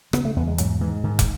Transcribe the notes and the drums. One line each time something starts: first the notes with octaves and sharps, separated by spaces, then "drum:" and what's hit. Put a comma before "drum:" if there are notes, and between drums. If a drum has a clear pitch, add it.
C#3 B3, drum: rim click
A3
E2 B3
G#3
G#2 F#3, drum: hi-hat
G#2 E3
G#2 D#3
drum: kick, hi-hat